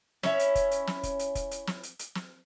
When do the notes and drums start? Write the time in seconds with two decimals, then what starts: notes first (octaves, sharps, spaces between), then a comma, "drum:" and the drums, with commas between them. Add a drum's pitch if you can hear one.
0.23 C#4 E4 C#5, drum: snare
0.39 drum: hi-hat
0.55 drum: kick F1, hi-hat
0.71 drum: hi-hat
0.87 drum: snare
1.03 drum: kick F1, hi-hat
1.19 drum: hi-hat
1.35 drum: kick F1, hi-hat
1.51 drum: hi-hat
1.67 drum: snare
1.83 drum: hi-hat
1.99 drum: hi-hat
2.15 drum: snare